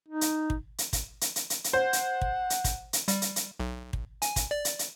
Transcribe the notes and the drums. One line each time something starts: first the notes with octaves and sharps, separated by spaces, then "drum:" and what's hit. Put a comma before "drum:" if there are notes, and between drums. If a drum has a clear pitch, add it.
D#4
drum: hi-hat
drum: kick
drum: hi-hat
drum: kick, hi-hat
drum: hi-hat
drum: hi-hat
drum: hi-hat
drum: hi-hat
C5 F#5
drum: hi-hat
drum: kick
drum: hi-hat
drum: kick, hi-hat
drum: hi-hat
G3, drum: hi-hat
drum: hi-hat
drum: hi-hat
B1
drum: kick
G#5, drum: hi-hat
drum: kick, hi-hat
D5
drum: hi-hat
drum: hi-hat